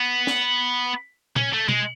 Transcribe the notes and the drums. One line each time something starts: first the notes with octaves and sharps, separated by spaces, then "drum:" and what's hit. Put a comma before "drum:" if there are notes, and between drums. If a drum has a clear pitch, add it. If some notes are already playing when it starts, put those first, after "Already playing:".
Already playing: B3
drum: snare
C#4, drum: tom A#2
A3
G#3, drum: tom B2